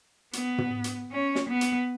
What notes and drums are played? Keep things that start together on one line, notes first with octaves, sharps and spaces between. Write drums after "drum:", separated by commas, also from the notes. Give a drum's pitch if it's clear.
B3, drum: hi-hat
drum: tom
drum: hi-hat
C#4
drum: snare
B3
drum: hi-hat